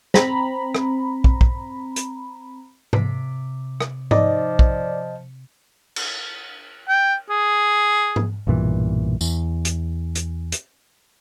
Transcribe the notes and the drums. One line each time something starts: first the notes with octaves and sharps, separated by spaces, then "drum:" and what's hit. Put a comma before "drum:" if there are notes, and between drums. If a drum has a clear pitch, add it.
C4 A#5 B5, drum: snare
drum: rim click
drum: kick
drum: kick
drum: hi-hat
C3 D6 B6, drum: tom G#2
drum: rim click
F3 D#4 D5 D#5, drum: tom G#2
drum: kick
drum: cymbal
G5
G#4
drum: tom G#2
B1 G2 A#2 E3
E2, drum: tambourine
drum: hi-hat
drum: hi-hat
drum: hi-hat